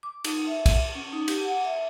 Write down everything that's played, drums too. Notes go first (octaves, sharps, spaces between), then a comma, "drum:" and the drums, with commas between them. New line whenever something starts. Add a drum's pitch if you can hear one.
D6
D#4, drum: cymbal
E5
drum: kick, cymbal
C#4
D#4
G4, drum: cymbal
F#5
E5